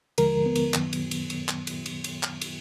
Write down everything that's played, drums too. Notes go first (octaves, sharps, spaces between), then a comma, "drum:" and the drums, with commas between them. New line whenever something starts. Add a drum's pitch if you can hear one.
D#2 D3 F3 G#3 A#4, drum: cymbal
B3
drum: cymbal
F#2 D#3 F#3, drum: clap
drum: cymbal
drum: cymbal
drum: cymbal
drum: clap
drum: cymbal
drum: cymbal
drum: cymbal
drum: clap
drum: cymbal